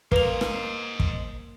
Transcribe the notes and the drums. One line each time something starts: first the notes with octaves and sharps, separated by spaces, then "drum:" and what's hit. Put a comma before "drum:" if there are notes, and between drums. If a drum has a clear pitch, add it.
A#3 B4 C5 D#5 F7, drum: kick
drum: rim click
drum: kick